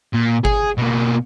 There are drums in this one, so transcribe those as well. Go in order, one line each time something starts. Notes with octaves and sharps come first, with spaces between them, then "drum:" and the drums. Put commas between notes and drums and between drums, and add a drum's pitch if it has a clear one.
A#2
G#4, drum: kick G1
B2 A#3